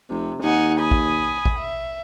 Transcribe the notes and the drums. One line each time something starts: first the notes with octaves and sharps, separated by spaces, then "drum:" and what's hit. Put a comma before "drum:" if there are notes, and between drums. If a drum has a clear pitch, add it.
F1 C3
D#2 D#4 F#5 G#5
G#5 B5 D#6
drum: kick
drum: kick
E5